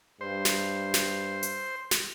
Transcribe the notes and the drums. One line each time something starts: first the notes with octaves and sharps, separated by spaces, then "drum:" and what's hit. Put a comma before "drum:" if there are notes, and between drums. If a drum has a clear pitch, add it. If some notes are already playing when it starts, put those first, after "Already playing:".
G2 C5
drum: snare
drum: snare
drum: hi-hat
drum: snare